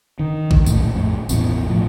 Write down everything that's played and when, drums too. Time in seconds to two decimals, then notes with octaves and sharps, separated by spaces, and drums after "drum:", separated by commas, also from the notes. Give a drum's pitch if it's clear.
0.19 D#3
0.51 drum: kick A1
0.66 A#1 A2, drum: tambourine
0.93 F2 A2
1.29 A1 E2 B2 E3, drum: tambourine
1.69 A2 F3